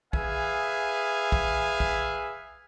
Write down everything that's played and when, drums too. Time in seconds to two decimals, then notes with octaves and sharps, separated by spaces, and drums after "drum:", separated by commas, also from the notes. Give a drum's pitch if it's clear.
0.13 G#4 B4 E5 F5 G#5, drum: kick
1.32 drum: kick
1.80 drum: kick